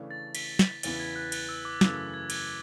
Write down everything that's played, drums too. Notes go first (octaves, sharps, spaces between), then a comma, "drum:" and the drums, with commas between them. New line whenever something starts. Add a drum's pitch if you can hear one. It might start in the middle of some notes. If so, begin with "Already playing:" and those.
Already playing: C#3 E3 A3 D4
A6
B6, drum: cymbal
B6, drum: snare
E2 C#3 E3 B3 E4 A6, drum: cymbal
G#6
F#6
F#6, drum: cymbal
E6
D6
F#2 C#3 E3 A3 D6, drum: snare
E6
G#6
G#6, drum: cymbal